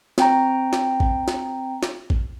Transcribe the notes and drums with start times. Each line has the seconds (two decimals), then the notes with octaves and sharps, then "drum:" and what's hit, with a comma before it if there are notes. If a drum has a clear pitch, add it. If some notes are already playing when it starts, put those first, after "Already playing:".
0.18 C4 G5 A#5, drum: snare
0.73 drum: snare
1.00 drum: kick
1.28 drum: snare
1.83 drum: snare
2.10 drum: kick